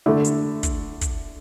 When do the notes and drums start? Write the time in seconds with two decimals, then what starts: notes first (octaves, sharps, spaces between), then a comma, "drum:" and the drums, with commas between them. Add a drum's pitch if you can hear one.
0.06 D3 A3 E4
0.25 drum: hi-hat
0.63 drum: kick, hi-hat
1.01 drum: kick, hi-hat